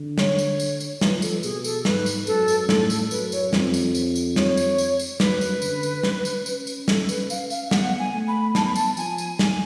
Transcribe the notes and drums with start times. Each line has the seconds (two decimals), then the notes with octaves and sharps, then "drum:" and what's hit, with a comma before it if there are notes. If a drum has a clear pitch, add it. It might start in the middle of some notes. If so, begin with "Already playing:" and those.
Already playing: D3
0.18 C#5, drum: snare
0.39 drum: tambourine
0.59 drum: tambourine
0.80 drum: tambourine
1.01 F3 B4, drum: snare
1.22 A4, drum: tambourine
1.43 B2 G#4, drum: tambourine
1.64 A4, drum: tambourine
1.85 G#2 B4, drum: snare
2.06 drum: tambourine
2.27 F#2 A4, drum: tambourine
2.48 drum: tambourine
2.69 A2 A4, drum: snare
2.90 A4, drum: tambourine
3.11 F#2 B4, drum: tambourine
3.32 C#5, drum: tambourine
3.53 F2, drum: snare
3.74 drum: tambourine
3.95 drum: tambourine
4.16 drum: tambourine
4.36 C#5, drum: snare
4.57 drum: tambourine
4.78 drum: tambourine
4.99 drum: tambourine
5.20 F#2 B4, drum: snare
5.41 drum: tambourine
5.62 D3, drum: tambourine
5.83 drum: tambourine
6.03 C#4, drum: snare
6.25 drum: tambourine
6.46 drum: tambourine
6.67 drum: tambourine
6.88 A4, drum: snare
7.09 B4, drum: tambourine
7.30 F5, drum: tambourine
7.50 F5, drum: tambourine
7.68 F5
7.71 B3 F#5, drum: snare
7.99 G#5
8.14 A3
8.28 B5
8.55 B3 A5, drum: snare
8.65 B5
8.76 A5, drum: tambourine
8.97 F3 G#5, drum: tambourine
9.18 drum: tambourine
9.39 G#5, drum: snare